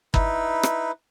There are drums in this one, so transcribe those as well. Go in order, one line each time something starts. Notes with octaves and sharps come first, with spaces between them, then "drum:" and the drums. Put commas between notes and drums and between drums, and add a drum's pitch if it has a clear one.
D#4 E4 B4, drum: kick
drum: rim click